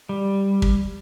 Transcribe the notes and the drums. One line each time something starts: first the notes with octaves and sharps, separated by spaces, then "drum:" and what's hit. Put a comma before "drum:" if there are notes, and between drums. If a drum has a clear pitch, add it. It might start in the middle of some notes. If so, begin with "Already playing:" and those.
G3
drum: kick